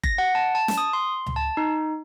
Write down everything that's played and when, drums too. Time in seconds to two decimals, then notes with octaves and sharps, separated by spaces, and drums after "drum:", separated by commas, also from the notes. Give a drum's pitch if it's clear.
0.04 A#6, drum: kick F#1
0.18 F#5
0.35 A5
0.55 A5
0.68 drum: snare
0.78 D#6
0.93 C6
1.26 drum: tom C#2
1.36 A5
1.57 D#4